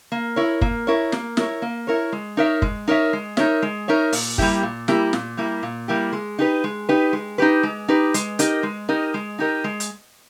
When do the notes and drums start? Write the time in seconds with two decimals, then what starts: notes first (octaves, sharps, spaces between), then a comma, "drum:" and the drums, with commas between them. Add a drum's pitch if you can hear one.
0.12 A#3
0.36 E4 A#4 C#5
0.61 A#3, drum: kick
0.87 E4 A#4 C#5
1.12 A#3, drum: snare
1.37 E4 A#4 C#5, drum: snare
1.62 A#3
1.87 E4 A#4 C#5
2.12 G#3
2.37 D#4 A#4 C#5 E5
2.62 G#3, drum: kick
2.88 D#4 A#4 C#5 E5
3.13 G#3
3.37 D#4 A#4 C#5 E5, drum: snare
3.62 G#3
3.88 D#4 A#4 C#5 E5
4.12 A#2, drum: open hi-hat
4.38 G3 A#3 E4 G4, drum: kick
4.63 A#2
4.88 G3 A#3 E4 G4, drum: snare
5.13 A#2, drum: snare
5.37 G3 A#3 E4 G4
5.63 A#2
5.88 G3 A#3 E4 G4
6.13 G#3
6.39 D#4 G4 B4
6.64 G#3
6.89 D#4 G4 B4
7.13 G#3
7.38 D#4 G4 B4
7.63 G#3
7.88 D#4 G4 B4
8.14 G#3, drum: hi-hat
8.39 D#4 G4 A#4 D#5, drum: hi-hat
8.63 G#3
8.89 D#4 G4 A#4 D#5
9.14 G#3
9.39 D#4 G4 A#4 D#5
9.64 G#3
9.80 drum: hi-hat